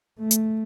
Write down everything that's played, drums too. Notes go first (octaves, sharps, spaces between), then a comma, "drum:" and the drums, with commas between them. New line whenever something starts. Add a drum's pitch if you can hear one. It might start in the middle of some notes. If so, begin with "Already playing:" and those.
A3
drum: hi-hat